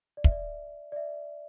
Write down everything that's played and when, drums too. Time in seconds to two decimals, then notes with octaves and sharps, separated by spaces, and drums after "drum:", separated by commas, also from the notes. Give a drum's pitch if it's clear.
0.17 D5
0.24 E5, drum: kick
0.31 D5
0.92 D5
0.96 E5